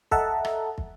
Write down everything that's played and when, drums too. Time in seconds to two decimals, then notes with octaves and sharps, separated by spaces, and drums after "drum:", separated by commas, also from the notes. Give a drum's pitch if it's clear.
0.11 A4 D#5 E5 F#5 A5 A#5, drum: kick
0.45 drum: rim click
0.78 drum: kick